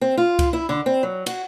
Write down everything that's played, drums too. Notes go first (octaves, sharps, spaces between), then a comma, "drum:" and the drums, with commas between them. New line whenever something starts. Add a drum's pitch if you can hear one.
C4
F4
drum: kick C#2, cymbal
E4
D3
C4
F#3
F#4, drum: cymbal